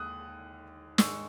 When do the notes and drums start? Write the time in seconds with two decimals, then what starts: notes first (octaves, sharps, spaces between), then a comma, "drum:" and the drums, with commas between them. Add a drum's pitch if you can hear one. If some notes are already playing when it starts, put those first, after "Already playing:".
Already playing: D#2 G#3 D#4 D#6 F#6
0.98 G#2 D#3 G#3 C#6 E6, drum: snare